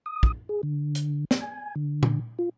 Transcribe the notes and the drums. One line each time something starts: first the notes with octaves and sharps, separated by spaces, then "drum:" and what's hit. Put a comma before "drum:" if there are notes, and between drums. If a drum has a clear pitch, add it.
D#6
drum: kick
G#4
D3
drum: hi-hat
drum: snare
G#5
D3
drum: tom
F4